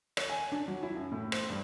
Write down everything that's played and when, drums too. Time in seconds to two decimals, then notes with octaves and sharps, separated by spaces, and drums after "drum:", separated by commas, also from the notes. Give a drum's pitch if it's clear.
0.17 C#5, drum: rim click
0.30 G#5
0.52 D4
0.68 F#3
0.83 E4
0.97 F#2
1.12 A2
1.32 C5, drum: rim click
1.50 G2